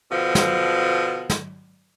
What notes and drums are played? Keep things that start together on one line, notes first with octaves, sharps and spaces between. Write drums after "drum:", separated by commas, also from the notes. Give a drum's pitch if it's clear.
B2 D3 F3
drum: snare
drum: snare